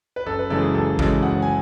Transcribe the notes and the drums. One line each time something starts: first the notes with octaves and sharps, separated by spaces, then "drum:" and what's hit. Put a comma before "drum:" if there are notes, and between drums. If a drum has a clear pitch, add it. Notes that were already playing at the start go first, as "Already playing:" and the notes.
B4
F#1 A4
B4
F#2 C#3 E3 G#3 A4
G#4
F#1 A4
F#2 C#3 E3 G#3 A4, drum: kick A1
F#1 F#5
G#5